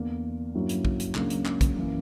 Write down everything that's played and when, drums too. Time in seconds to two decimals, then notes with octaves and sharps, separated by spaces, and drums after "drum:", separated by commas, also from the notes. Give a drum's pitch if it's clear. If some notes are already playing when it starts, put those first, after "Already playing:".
Already playing: E2 D3 A#3 D4
0.54 G2 F#3 A#3 C#4 E4
0.69 drum: hi-hat
0.85 drum: kick A#1
1.00 drum: hi-hat
1.15 C#2 C#3 F#3 A#3 D4, drum: clap
1.30 drum: hi-hat
1.46 drum: clap
1.61 drum: kick A#1, hi-hat
1.76 F#2 E3 A#3